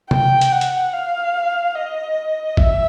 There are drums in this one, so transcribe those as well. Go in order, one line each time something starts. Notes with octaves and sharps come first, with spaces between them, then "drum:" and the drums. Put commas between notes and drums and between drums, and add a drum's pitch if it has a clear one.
G5, drum: tom C3
drum: hi-hat
F#5
drum: hi-hat
F5
D#5
E5, drum: kick